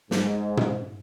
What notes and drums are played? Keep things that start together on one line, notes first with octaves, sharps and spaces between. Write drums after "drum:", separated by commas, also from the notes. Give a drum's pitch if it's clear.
G#2, drum: snare
drum: tom